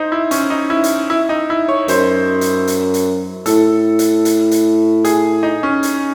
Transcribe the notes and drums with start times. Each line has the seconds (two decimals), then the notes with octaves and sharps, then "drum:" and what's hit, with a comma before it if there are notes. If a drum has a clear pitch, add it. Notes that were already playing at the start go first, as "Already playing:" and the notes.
Already playing: D#4 C5
0.12 E4
0.31 C#4, drum: hi-hat
0.50 D#4
0.70 E4
0.84 drum: hi-hat
1.10 E4
1.29 D#4
1.50 E4
1.69 C#5
1.88 F#2 C5, drum: hi-hat
2.41 drum: hi-hat
2.68 drum: hi-hat
2.94 drum: hi-hat
3.46 A2 A4, drum: hi-hat
3.99 drum: hi-hat
4.25 drum: hi-hat
4.51 drum: hi-hat
5.05 G#4, drum: hi-hat
5.43 D#4
5.63 C#4
5.83 drum: hi-hat